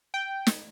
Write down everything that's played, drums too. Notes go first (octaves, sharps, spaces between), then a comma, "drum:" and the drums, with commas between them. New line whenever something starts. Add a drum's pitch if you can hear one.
G5
drum: snare